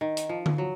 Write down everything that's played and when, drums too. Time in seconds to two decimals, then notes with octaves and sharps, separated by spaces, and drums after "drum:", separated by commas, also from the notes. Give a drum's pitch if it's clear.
0.01 D#3
0.17 drum: hi-hat
0.29 F3
0.46 drum: tom D3
0.58 F#3